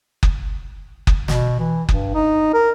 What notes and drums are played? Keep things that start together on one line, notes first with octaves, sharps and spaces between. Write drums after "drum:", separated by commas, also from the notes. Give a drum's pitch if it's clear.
drum: kick F#1
drum: kick F#1
B2, drum: snare
E3
G2, drum: kick F#1
D#4
A#4